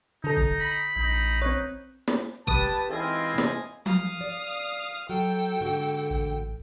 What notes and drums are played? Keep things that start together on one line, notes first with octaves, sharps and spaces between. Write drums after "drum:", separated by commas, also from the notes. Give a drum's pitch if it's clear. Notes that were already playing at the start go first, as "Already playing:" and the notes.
D3 D#4 A4
drum: kick
B5
A#1 D#4
C4 B4 C#5
drum: snare
G4 B4 A5 D#6, drum: kick
G#2 E3 C4 E4 F4 D#5 G#5
drum: snare
F5 D#6, drum: tom F3
D5
F#3 A4 G5
G#2 D3 F#4
A1